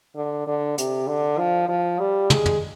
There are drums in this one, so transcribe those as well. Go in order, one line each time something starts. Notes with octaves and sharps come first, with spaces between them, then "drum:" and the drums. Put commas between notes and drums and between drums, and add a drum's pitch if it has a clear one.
D3
D3
C3, drum: hi-hat
D3
F3
F3
G3
G#3, drum: tom
drum: tom